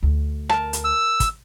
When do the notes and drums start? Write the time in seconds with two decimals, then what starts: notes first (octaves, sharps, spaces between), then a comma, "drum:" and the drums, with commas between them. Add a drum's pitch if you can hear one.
0.03 D2
0.49 A#4 A5, drum: rim click
0.73 drum: hi-hat
0.85 E6
1.20 drum: kick, hi-hat